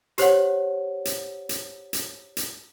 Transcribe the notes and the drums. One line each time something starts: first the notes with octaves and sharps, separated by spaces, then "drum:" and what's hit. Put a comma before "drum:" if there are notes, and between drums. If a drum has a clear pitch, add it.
G4 C5 C#5 F#5, drum: hi-hat
drum: hi-hat
drum: hi-hat
drum: hi-hat
drum: hi-hat